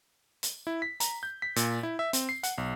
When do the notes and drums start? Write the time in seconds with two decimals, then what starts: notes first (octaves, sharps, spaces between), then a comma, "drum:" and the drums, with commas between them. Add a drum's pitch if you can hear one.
0.43 drum: hi-hat
0.67 E4
0.82 B6
1.00 A#5, drum: hi-hat
1.23 G6
1.42 B6
1.56 A#2, drum: hi-hat
1.83 E4
1.99 E5
2.13 C4, drum: hi-hat
2.29 C7
2.43 F#5, drum: hi-hat
2.58 B1